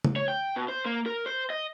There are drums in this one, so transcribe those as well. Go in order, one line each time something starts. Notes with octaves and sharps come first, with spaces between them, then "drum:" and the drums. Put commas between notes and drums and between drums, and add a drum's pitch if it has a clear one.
drum: tom
C#5
G5
B2
C5
A#3
A#4
C5
D#5